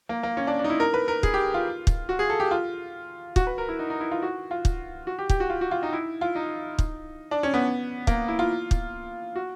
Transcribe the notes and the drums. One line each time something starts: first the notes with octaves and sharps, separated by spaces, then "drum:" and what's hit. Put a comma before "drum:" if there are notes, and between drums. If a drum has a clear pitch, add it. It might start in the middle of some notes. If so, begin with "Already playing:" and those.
A#3
A#3
C#4
D4
D4
D#4
E4
A#4
B4
A#4
G#4, drum: kick
G4
F4
drum: kick
F#4
G#4
A4
G4
F4
F#4, drum: kick
B4
A#4
E4
D#4
D#4
E4
F4
F#4
F4
drum: kick
F#4
G4
G4, drum: kick
F#4
F4
F#4
F4
D#4
E4
F4
D#4
drum: kick
D4
C#4
B3
A#3, drum: kick
E4
F4
drum: kick
F#4